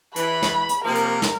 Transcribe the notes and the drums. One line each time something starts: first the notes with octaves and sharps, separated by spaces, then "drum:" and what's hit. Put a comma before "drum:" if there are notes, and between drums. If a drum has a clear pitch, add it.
E3 B5, drum: hi-hat
drum: snare
drum: hi-hat
C3 F3 A#3 A#4
drum: hi-hat
drum: snare